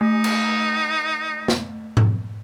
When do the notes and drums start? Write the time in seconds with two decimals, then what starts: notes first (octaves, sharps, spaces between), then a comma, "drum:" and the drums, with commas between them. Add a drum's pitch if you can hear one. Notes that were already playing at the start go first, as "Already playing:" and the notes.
0.01 A3 D#4
0.24 drum: cymbal
1.48 drum: snare
1.97 drum: tom G#2